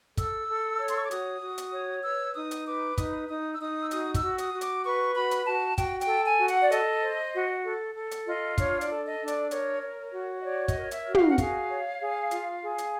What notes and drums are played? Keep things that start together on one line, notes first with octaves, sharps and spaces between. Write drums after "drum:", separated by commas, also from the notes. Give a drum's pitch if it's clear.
A4 E6, drum: kick, hi-hat
A4
C#5
C6, drum: hi-hat
C#6
D6
F#4 D#6, drum: hi-hat
F#4
drum: hi-hat
C#5
B4 E6
D#4 D#6
drum: hi-hat
B4 D6
D#4 D#6, drum: kick, hi-hat
D#4 D#6
E6
D#4 D#6
E6
F#4 D#6, drum: hi-hat
E6, drum: kick, hi-hat
F#4
D#6, drum: hi-hat
F#4
D6, drum: hi-hat
B4 C#6
F#4 B5
drum: hi-hat
F#4 A5
F#4 G5, drum: kick, hi-hat
G5, drum: hi-hat
A4
G#5
F#4
F#5, drum: hi-hat
D5
A4 D#5, drum: hi-hat
C5
F#4
A4
A4
drum: hi-hat
F4 D#5
D4 C#5, drum: kick, hi-hat
D5, drum: hi-hat
A4
D#5
D4
D5, drum: hi-hat
A#4 C#5, drum: hi-hat
C#5
F#4
D#5
C#5 D5
D#5, drum: kick, hi-hat
A#4
E5, drum: hi-hat
F#4
F5, drum: tom
F#5
G#4 F5, drum: kick, hi-hat
C#5
G#4
F4, drum: hi-hat
G#4
drum: hi-hat